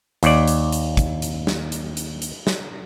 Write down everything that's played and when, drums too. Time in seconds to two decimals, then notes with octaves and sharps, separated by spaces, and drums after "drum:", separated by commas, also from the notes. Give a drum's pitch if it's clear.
0.23 D#2 D5, drum: hi-hat
0.48 drum: hi-hat
0.72 drum: hi-hat
0.97 drum: kick, hi-hat
1.22 drum: hi-hat
1.47 drum: snare
1.72 drum: hi-hat
1.97 drum: hi-hat
2.22 drum: hi-hat
2.47 drum: snare